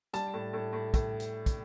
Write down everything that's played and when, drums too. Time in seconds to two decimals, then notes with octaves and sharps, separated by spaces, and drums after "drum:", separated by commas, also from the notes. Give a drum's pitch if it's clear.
0.13 G3 A5, drum: hi-hat
0.34 A2
0.53 A2
0.73 A2
0.94 A2, drum: kick, hi-hat
1.20 drum: hi-hat
1.46 drum: kick, hi-hat